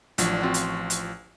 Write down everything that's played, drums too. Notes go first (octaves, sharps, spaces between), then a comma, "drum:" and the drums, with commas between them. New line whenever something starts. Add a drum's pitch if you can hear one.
A1 F3 F#3 D4, drum: hi-hat
C4 F4 F#4
drum: hi-hat
drum: hi-hat